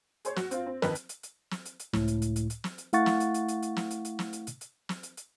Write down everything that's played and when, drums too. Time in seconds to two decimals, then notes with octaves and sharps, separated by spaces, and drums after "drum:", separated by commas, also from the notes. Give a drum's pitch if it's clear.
0.25 G#4 C5 C#5, drum: hi-hat
0.36 F#4, drum: snare
0.51 C4 F4, drum: hi-hat
0.66 C4
0.82 F2 D#3 A#4 B4, drum: snare
0.95 drum: hi-hat
1.09 drum: hi-hat
1.23 drum: hi-hat
1.51 drum: snare
1.65 drum: hi-hat
1.79 drum: hi-hat
1.93 C#2 A2, drum: snare
2.08 drum: hi-hat
2.22 drum: hi-hat
2.36 drum: hi-hat
2.50 drum: hi-hat
2.64 drum: snare
2.78 drum: hi-hat
2.93 A3 E4 F5 F#5 C#6 A6, drum: hi-hat
3.06 drum: snare
3.20 drum: hi-hat
3.34 drum: hi-hat
3.48 drum: hi-hat
3.62 drum: hi-hat
3.76 drum: snare
3.91 drum: hi-hat
4.05 drum: hi-hat
4.19 drum: snare
4.33 drum: hi-hat
4.47 drum: hi-hat
4.61 drum: hi-hat
4.89 drum: snare
5.03 drum: hi-hat
5.17 drum: hi-hat